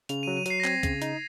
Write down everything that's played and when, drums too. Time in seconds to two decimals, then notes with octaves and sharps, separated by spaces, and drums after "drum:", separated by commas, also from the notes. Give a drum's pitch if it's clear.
0.09 C#3 F7, drum: hi-hat
0.23 F#3 D#7
0.37 D#7
0.46 F#3 C7, drum: hi-hat
0.60 A#6
0.64 C4 G#6, drum: clap
0.83 C#3, drum: kick C2, hi-hat
1.02 D#4, drum: hi-hat